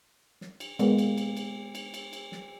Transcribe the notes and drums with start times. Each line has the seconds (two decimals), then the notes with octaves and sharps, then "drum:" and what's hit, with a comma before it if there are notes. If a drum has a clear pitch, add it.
0.41 drum: snare
0.60 drum: cymbal
0.79 G#3 A#3 B3, drum: cymbal
0.98 drum: cymbal
1.18 drum: cymbal
1.37 drum: cymbal
1.75 drum: cymbal
1.94 drum: cymbal
2.13 drum: cymbal
2.32 drum: snare